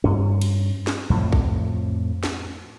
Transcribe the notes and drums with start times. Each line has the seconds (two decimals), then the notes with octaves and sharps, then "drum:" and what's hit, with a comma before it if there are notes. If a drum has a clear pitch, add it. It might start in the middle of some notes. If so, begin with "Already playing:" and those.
0.04 G2 C#4
0.41 drum: cymbal
0.87 drum: snare
1.10 F2 A2 F3
1.32 drum: kick
2.23 drum: snare